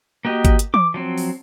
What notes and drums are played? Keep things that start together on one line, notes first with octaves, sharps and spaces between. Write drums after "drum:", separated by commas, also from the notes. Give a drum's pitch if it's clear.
A#3 F#4 G4 D#5
drum: kick G#1, hi-hat
drum: hi-hat
D6, drum: tom E3
F3 F#3 C4
drum: open hi-hat